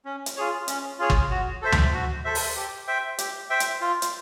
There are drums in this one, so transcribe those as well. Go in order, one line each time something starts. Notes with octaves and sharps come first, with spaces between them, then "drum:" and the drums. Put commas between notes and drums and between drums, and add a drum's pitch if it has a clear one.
C#4
drum: hi-hat
F4 G#4 C#5
C#4, drum: hi-hat
F4 G#4 C#5
drum: kick
F#4
A4 C5 E5
drum: tom D2
F#4
A4 C5 E5
drum: open hi-hat
G4
C5 E5 G5
G4, drum: hi-hat
C5 E5 G5
drum: hi-hat
F4
drum: hi-hat